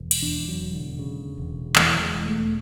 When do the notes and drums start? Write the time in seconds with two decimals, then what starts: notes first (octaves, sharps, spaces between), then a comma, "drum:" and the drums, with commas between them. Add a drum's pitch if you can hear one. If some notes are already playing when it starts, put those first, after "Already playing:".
Already playing: E1
0.11 drum: cymbal
0.22 E2 D4
0.48 F#3
0.61 E1
0.73 D3
0.99 C#3
1.37 E1
1.76 E2 E3, drum: clap
2.00 G#3
2.14 E1
2.25 A3